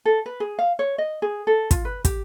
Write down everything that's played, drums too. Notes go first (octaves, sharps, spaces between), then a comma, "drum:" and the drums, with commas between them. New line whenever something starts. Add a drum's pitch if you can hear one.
A4
B4
G#4
F5
C#5
D#5
G#4
A4
F4, drum: kick, hi-hat
B4
G4, drum: kick, hi-hat